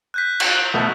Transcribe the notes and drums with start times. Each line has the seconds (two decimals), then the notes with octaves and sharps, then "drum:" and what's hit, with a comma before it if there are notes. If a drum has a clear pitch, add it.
0.14 F#6 G6 B6
0.40 drum: cymbal
0.74 B2 A3 B3